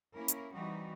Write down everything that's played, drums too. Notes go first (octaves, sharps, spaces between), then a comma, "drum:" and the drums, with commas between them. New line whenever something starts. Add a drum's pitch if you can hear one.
A#3 C#4 E4 A#4
drum: hi-hat
E3 G3 C4 D#4 F#4